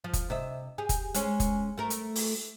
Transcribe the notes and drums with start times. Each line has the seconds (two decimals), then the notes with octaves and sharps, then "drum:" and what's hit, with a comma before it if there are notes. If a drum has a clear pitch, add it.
0.04 F3
0.13 drum: kick, hi-hat
0.30 C3 D#5 E5
0.78 G4 G#4
0.89 drum: kick, hi-hat
1.14 G#3 C#4, drum: hi-hat
1.40 drum: kick, hi-hat
1.78 A3 A#4
1.90 drum: hi-hat
2.16 drum: open hi-hat